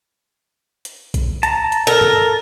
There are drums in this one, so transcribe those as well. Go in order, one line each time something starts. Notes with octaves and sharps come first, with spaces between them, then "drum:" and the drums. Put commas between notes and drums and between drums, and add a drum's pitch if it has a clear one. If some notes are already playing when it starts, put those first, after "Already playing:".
drum: hi-hat
drum: kick B1, hi-hat
A5 A#5, drum: hi-hat
drum: hi-hat
A4 A#4
drum: tom G2